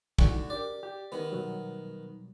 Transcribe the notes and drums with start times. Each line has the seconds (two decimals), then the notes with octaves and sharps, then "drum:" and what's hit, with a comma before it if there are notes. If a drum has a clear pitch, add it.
0.19 A2 D3 G3 D#4 F#4, drum: kick
0.50 D4 G4 A#4 D5
0.83 G4
1.12 D#3 B3
1.32 B2 F#3 G3